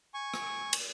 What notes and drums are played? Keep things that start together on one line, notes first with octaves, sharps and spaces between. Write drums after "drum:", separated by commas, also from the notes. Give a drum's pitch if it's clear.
G#5 C#6
drum: rim click
drum: cymbal